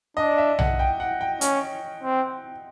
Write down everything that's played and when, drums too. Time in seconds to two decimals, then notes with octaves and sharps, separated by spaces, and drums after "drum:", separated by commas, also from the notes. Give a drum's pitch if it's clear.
0.17 D4 D#5
0.38 E5
0.59 F#5, drum: tom B1
0.79 G5
1.00 F#5
1.21 G5
1.41 C#4, drum: hi-hat
2.03 C4